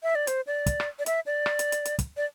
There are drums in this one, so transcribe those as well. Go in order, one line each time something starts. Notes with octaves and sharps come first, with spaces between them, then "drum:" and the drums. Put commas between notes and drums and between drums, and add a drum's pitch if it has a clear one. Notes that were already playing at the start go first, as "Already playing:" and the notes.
E5
D5
C5, drum: hi-hat
D5
drum: kick, hi-hat
drum: rim click
D5
E5, drum: hi-hat
D5
drum: rim click
drum: hi-hat
drum: hi-hat
drum: hi-hat
drum: kick, hi-hat
D5